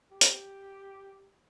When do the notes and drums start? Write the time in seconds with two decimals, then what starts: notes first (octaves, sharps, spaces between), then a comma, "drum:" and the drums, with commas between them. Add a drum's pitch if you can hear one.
0.12 G4
0.21 drum: hi-hat